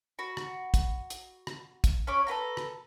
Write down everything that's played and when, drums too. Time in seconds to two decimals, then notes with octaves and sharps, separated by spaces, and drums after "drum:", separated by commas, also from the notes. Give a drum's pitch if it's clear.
0.19 F#4 B5
0.37 drum: rim click
0.74 drum: kick, hi-hat
1.10 drum: hi-hat
1.47 drum: rim click
1.84 drum: kick, hi-hat
2.07 C#4 C#5 B5 D6
2.27 A4 B4 G5 A#5
2.57 drum: rim click